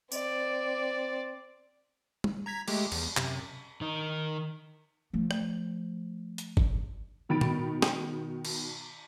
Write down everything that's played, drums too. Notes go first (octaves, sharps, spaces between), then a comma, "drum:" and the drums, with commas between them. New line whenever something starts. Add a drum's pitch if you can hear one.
C4 D5, drum: tambourine
drum: tom
A#5 G#6 B6
G#3 A3 G4, drum: cymbal
E2, drum: cymbal
F#2 C3, drum: clap
D#3 D#4
F3 A3
drum: rim click
drum: hi-hat
drum: kick G1
B2 D#3 B5 A6 D7
drum: tom
drum: snare
drum: cymbal